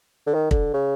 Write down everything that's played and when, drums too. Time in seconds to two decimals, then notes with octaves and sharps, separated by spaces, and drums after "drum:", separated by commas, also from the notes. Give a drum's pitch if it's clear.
0.27 D3
0.34 D#3
0.51 D3, drum: kick
0.74 C#3